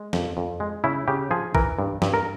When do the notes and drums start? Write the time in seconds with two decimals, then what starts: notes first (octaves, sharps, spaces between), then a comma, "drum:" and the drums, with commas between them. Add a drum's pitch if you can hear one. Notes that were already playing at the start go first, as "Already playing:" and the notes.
Already playing: G#3
0.13 F2, drum: snare
0.37 F2
0.60 G#3
0.84 C#3 E4
1.08 C#3 G4
1.31 F3 G#4
1.55 E3 A#4, drum: kick A1
1.79 G2
2.02 G2, drum: snare
2.14 A#4